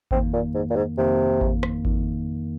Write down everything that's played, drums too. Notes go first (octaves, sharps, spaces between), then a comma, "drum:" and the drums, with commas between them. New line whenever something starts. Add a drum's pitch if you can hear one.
F2 D#3 A#3 C4, drum: kick G#1
A#2
G#2
A#2
G#2
F2 C3 D#3 A#3
drum: kick G#1
drum: rim click
F2 D#3 A#3, drum: kick G#1